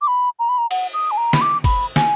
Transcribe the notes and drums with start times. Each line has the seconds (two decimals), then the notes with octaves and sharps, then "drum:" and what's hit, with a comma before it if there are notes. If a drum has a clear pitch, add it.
0.02 D6
0.08 B5
0.39 A#5
0.49 B5
0.58 A#5
0.71 F#5, drum: cymbal
0.93 D#6
1.11 G#5
1.17 A#5
1.33 B5, drum: snare
1.41 D6
1.64 B5, drum: kick G1, cymbal
1.96 G#5, drum: snare